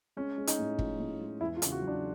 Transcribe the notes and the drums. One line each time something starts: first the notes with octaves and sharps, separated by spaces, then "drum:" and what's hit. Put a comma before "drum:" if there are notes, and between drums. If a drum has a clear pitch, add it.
G#3 C#4
G#3
D#4, drum: hi-hat
A2
F3, drum: kick
A2
G#3
E2 E4
F4
C#3, drum: hi-hat
F#4
F#3
D4